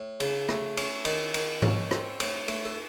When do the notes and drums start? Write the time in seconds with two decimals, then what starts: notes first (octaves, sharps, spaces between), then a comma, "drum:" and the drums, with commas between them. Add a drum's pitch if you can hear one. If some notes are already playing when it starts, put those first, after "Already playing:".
Already playing: A2
0.20 C#3, drum: cymbal
0.49 A3, drum: rim click
0.77 C#4, drum: cymbal
1.05 D#3 D#5, drum: cymbal
1.34 D#3, drum: cymbal
1.62 C#4, drum: tom G#2
1.91 C4, drum: rim click
2.20 A2, drum: cymbal
2.48 A3, drum: cymbal
2.65 A4